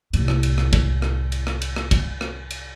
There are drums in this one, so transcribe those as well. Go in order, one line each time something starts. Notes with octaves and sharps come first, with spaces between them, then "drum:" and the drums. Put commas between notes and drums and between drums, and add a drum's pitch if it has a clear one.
C2 A2, drum: cymbal
drum: rim click
drum: cymbal
drum: rim click
drum: kick, cymbal
drum: rim click
drum: cymbal
drum: rim click
drum: cymbal
drum: rim click
drum: kick, cymbal
drum: rim click
drum: cymbal